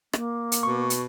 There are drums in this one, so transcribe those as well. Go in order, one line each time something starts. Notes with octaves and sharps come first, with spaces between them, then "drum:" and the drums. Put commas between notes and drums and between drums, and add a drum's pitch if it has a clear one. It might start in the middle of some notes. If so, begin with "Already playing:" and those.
A#3, drum: rim click
drum: hi-hat
B2 C#6
drum: hi-hat